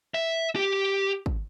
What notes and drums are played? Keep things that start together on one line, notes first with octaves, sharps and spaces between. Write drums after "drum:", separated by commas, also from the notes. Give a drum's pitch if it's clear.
E5
G4
drum: kick